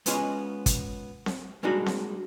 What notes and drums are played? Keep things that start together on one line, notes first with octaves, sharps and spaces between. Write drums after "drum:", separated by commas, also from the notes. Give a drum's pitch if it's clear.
G#3 B3 C#4 F4 C#5 D#5, drum: hi-hat
drum: kick, hi-hat
drum: snare C4
G3 G#3 A#3 D4 D#4 F#4
drum: snare C4